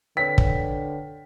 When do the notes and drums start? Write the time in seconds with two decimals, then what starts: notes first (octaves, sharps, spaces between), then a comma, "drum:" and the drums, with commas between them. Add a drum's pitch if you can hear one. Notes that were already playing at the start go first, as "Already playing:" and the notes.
0.17 D3 B4 C#5 G5 B6
0.38 drum: kick